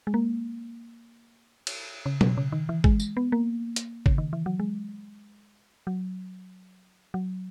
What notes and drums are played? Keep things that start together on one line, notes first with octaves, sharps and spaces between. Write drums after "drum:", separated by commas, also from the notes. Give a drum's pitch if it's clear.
G#3
A#3
drum: cymbal
C#3
B2, drum: tom F#3
C#3
D#3
E3
G#3, drum: kick
drum: tambourine
B3
A#3
drum: hi-hat
C#3, drum: kick
D#3
E3
F#3
G#3
F#3
F#3